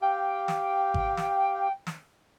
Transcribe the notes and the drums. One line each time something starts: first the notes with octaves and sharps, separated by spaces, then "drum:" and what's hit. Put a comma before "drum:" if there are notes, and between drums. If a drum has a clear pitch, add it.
G4 F5 G5
drum: snare
drum: kick G#1
drum: snare
drum: snare